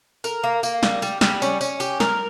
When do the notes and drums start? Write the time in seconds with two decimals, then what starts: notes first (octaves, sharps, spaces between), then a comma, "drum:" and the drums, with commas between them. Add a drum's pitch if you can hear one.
0.24 A#4, drum: tambourine
0.44 A#3
0.63 A#3, drum: tambourine
0.83 G3, drum: snare
1.02 G3, drum: tambourine
1.21 G3, drum: snare
1.42 C#4, drum: tambourine
1.61 C#4, drum: tambourine
1.80 G4, drum: tambourine
2.00 A#4, drum: snare